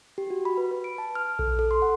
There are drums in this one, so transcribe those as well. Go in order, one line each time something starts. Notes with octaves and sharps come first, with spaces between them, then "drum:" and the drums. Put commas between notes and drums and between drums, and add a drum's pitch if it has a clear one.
G4
F#4
B5
B4
B4
D7
A5
F6
A4, drum: kick A#1
A4
C6
F#5